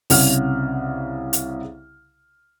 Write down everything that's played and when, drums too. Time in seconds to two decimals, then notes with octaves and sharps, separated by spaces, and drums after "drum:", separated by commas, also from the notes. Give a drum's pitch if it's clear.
0.10 C2 C#3 F#5 F6, drum: open hi-hat
1.33 drum: hi-hat